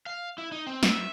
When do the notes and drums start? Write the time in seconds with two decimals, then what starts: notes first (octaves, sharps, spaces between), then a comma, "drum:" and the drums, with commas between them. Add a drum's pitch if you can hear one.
0.06 F5
0.38 E4
0.52 D#4
0.67 C4
0.83 E5, drum: snare